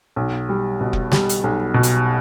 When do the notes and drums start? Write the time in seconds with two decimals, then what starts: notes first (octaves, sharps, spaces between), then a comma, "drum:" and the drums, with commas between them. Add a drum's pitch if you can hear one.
0.16 B1
0.49 G3
0.81 B2
0.93 drum: kick F1
1.12 G3, drum: snare
1.29 drum: hi-hat
1.44 B1
1.74 B2
1.83 drum: hi-hat